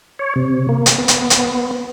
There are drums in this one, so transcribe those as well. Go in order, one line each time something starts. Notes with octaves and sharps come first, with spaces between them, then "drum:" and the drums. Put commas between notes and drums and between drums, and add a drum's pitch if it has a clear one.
C#5
C3
A#3
drum: hi-hat
B3
drum: hi-hat
drum: hi-hat